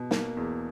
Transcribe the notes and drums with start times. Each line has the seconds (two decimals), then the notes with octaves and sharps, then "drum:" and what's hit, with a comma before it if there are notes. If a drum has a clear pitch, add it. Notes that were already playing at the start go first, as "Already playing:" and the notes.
Already playing: B2
0.11 A#3, drum: snare
0.37 E2